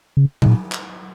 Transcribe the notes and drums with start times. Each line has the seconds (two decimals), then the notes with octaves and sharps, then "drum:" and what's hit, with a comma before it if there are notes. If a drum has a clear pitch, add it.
0.17 C#3
0.42 C3, drum: tom F#3
0.46 A#2
0.72 drum: clap